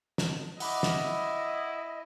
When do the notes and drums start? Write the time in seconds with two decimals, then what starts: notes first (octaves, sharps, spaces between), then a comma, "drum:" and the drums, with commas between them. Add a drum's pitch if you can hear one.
0.18 drum: snare
0.60 E4 D#5 F#5 B5 D6, drum: open hi-hat
0.83 drum: snare